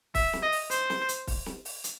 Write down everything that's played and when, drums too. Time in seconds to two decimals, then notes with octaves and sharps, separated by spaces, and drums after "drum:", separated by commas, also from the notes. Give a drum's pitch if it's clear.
0.15 E5, drum: kick, open hi-hat
0.33 drum: snare
0.43 D#5
0.52 drum: open hi-hat
0.71 C5, drum: hi-hat
0.90 drum: snare
1.09 drum: hi-hat
1.27 drum: kick, open hi-hat
1.46 drum: snare
1.65 drum: open hi-hat
1.84 drum: hi-hat